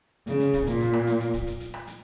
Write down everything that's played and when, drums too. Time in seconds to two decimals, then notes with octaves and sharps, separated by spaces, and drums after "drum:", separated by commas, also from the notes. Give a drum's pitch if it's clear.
0.27 C#3, drum: hi-hat
0.40 drum: hi-hat
0.53 drum: kick, hi-hat
0.67 A#2, drum: hi-hat
0.80 drum: hi-hat
0.93 drum: rim click
1.07 drum: hi-hat
1.20 drum: hi-hat
1.34 drum: kick, hi-hat
1.47 drum: hi-hat
1.60 drum: hi-hat
1.74 drum: rim click
1.87 drum: hi-hat